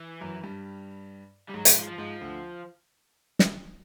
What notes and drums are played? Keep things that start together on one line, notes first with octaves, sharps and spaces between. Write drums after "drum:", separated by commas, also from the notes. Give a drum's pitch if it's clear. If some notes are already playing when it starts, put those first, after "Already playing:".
Already playing: E3
F#2 F#3
G2 G3
G3
G#2 F#3 G#3
F3, drum: hi-hat
F3
F3
G#2 F3 G#3
D2 D3
drum: snare